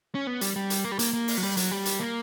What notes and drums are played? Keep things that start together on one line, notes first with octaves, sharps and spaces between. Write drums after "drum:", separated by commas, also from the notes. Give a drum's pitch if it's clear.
C#4
B3
G3, drum: hi-hat
G3
drum: hi-hat
A#3
G3
A#3, drum: hi-hat
A#3
drum: open hi-hat
F#3
G3
F#3, drum: hi-hat
G3
drum: hi-hat
A#3